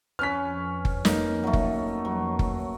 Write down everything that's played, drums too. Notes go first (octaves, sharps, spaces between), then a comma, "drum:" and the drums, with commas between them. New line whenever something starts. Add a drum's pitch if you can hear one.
F2 C#4 B4 F6 B6
drum: kick F#1
A#3 D#4, drum: snare
F#3 A3
drum: kick F#1
F#3
drum: kick F#1